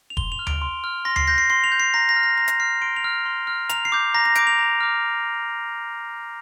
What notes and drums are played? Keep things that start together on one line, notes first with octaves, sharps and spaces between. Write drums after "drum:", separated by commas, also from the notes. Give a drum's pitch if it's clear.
F7
C6 G7, drum: kick E1
F7
F6
D7, drum: tom D2
C6
F6
C6 A#6
C7, drum: tom D2
G6 A#6
C7
C6 C7
F7
G6
C7
A#5 A#6
A#6
F6
A#6
A#5 A#6
drum: hi-hat
F6 C7
C6 D7
F7
F6
C6
F6
A#5 F7, drum: hi-hat
C7
D6 G6
A#5 A#6
A#6
D6 G6 D7, drum: hi-hat
F7
A#5
D6 F6